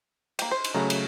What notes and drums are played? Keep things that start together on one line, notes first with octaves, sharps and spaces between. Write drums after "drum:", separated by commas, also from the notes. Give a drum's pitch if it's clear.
A#3 G5, drum: cymbal
C5
drum: cymbal
C#3 F#3 A3 B3 C#4 A#4
drum: cymbal